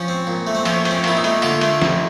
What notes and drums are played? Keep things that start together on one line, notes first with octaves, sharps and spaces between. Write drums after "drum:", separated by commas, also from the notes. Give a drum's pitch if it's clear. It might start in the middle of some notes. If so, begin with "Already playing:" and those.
Already playing: F3 C#4
C4
A#2
A3
C4
F3 C#4, drum: cymbal
C4, drum: cymbal
C#4
A#2 E4, drum: cymbal
D#4
A3, drum: cymbal
D3 F4, drum: cymbal
A3, drum: cymbal
F2, drum: snare